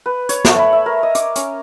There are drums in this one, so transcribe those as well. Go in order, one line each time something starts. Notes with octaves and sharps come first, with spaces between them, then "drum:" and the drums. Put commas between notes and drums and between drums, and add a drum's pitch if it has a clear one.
B4
C#5, drum: hi-hat
A3, drum: snare
B5
E5
A#4
D#5
D6, drum: hi-hat
C#4, drum: hi-hat